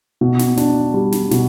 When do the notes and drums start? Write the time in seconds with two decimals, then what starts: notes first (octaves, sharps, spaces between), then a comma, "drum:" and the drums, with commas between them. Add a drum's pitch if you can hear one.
0.21 B2
0.39 drum: snare
0.57 D4, drum: snare
0.94 G3
1.12 drum: snare
1.31 B2, drum: snare